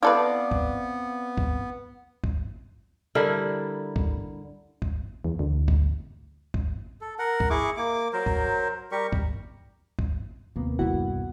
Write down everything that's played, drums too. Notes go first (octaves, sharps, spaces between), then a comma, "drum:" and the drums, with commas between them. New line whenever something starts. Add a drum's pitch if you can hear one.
B3 C4 E4 A4 B4 D5 F5
drum: kick
drum: kick
drum: kick
D3 G3 E4 A#4
drum: kick
drum: kick
E2
D2
drum: kick
drum: kick
A4
A#4 F#5
drum: kick
E4 G#4 C#6 D6
A#3 D6
F#3 A#4 C5
drum: kick
G3 G4 A#4 C#6
drum: kick
drum: kick
D#2 C3 A#3 B3
C2 G2 E4 F#4 F#5